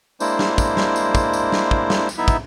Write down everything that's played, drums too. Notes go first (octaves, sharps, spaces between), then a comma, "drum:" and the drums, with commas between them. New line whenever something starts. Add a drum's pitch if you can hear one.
G#3 A#3 D4 E4 C5, drum: tambourine
drum: snare
drum: kick, tambourine
drum: snare
drum: tambourine
drum: kick, tambourine
drum: tambourine
drum: snare
drum: kick
drum: snare
drum: tambourine
B3 D#4 E4 E5
drum: kick, tambourine